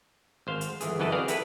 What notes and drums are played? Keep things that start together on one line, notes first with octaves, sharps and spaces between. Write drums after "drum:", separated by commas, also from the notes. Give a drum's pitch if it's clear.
G#1 C5 F5
drum: hi-hat
G1 E3 G#4, drum: hi-hat
G1 F#2 E3 B4 D#5 A5
C4 F#4 G#4 D5 F5
E4 G4 A4 B4, drum: hi-hat